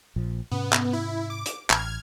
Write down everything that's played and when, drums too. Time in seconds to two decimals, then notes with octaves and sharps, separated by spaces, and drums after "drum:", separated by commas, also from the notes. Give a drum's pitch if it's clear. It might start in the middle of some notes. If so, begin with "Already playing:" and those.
0.16 A#1 A#2 F3
0.51 G#2 C3 B3 C#4
0.73 drum: clap
0.93 E4
1.30 D6
1.46 drum: hi-hat
1.70 A1 F6 G#6, drum: clap